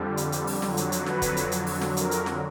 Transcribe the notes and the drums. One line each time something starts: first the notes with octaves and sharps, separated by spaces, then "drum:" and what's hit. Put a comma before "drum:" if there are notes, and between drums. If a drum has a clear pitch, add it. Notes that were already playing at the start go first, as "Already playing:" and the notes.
Already playing: F2 D3 G3
drum: hi-hat
drum: hi-hat
drum: open hi-hat
F2 D3 F#3, drum: snare
drum: hi-hat
drum: hi-hat
B4, drum: snare
drum: kick, hi-hat
drum: hi-hat
drum: hi-hat
drum: open hi-hat
drum: snare
A#4, drum: hi-hat
drum: hi-hat
drum: snare